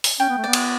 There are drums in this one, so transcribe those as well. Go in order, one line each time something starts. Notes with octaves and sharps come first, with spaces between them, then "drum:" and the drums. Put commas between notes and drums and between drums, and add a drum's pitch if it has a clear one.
drum: open hi-hat
C#4 G5
B3
A3
B3 D5
drum: cymbal